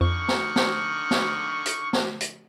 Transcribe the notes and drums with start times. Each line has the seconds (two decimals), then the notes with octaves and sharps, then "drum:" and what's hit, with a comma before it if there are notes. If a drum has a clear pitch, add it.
0.01 F2 D3 D#3 C#6
0.28 drum: snare
0.56 drum: snare
1.11 drum: snare
1.66 drum: hi-hat
1.93 drum: snare
2.21 drum: hi-hat